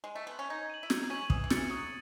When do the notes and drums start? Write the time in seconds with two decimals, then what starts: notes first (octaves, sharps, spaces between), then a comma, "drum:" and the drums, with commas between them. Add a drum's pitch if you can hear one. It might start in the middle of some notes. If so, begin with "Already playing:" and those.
0.04 G#3
0.15 A3
0.27 B3
0.39 C#4
0.50 D#4 G#6
0.70 D#7 F#7
0.83 E4
0.90 D#4 G#6, drum: snare
1.03 D#4
1.10 C#4 D#7 F#7
1.30 E3 D#6, drum: kick
1.44 E3
1.50 A6 C#7 F#7, drum: snare
1.57 E3
1.70 F#3 D#6